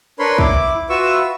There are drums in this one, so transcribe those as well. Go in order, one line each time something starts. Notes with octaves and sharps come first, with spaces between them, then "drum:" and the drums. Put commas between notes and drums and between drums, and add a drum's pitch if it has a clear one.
D4 A#4 B4 C#5 B5 C6
E4 D6, drum: kick
F4 F#4 B4 E5 C#6 E6